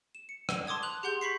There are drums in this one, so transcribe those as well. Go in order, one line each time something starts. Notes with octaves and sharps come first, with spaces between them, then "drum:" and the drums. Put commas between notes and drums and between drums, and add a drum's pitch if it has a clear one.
E7
C#7
drum: rim click
A5 C6 D6 D#6 G#6
F#6 F7 F#7
G4 G#4 F#5 C6 G6 F7
B5 C#6 B6 C7